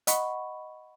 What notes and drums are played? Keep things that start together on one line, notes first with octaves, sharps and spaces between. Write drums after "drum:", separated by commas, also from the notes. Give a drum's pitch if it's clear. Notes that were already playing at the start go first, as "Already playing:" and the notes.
D#5 F#5 B5 C#6, drum: hi-hat